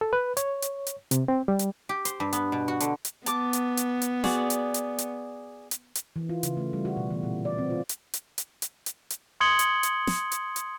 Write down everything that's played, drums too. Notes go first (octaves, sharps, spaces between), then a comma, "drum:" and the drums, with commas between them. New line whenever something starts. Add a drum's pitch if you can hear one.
A4
B4
C#5, drum: hi-hat
drum: hi-hat
drum: hi-hat
C3, drum: hi-hat
C4
G3
drum: hi-hat
G4
C5, drum: hi-hat
G2
B3, drum: hi-hat
B2
F#4
D3, drum: hi-hat
drum: hi-hat
B3 A5 D6, drum: hi-hat
drum: hi-hat
drum: hi-hat
drum: hi-hat
F#4 G#4 D5, drum: snare
drum: hi-hat
drum: hi-hat
drum: hi-hat
drum: hi-hat
drum: hi-hat
E3
F4
C#3, drum: hi-hat
A3
G3
F#4
B2
E3
A#2
D5
C4
F4
drum: hi-hat
drum: hi-hat
drum: hi-hat
drum: hi-hat
drum: hi-hat
drum: hi-hat
C6 D#6 G#6 C#7 F#7 G7
drum: hi-hat
drum: hi-hat
drum: snare
drum: hi-hat
drum: hi-hat